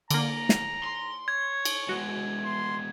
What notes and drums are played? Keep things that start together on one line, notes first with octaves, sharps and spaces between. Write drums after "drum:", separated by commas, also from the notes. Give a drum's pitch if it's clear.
D3 A#3 A#5, drum: cymbal
drum: snare
C6
C#5 G#6
drum: cymbal
G#3 B3 F#4
C6